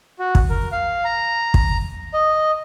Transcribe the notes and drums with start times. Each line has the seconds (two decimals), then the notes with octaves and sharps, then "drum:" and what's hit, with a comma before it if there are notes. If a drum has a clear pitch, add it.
0.19 F#4
0.35 drum: kick
0.50 A#4
0.72 F5
1.05 A#5
1.54 drum: kick
2.14 D#5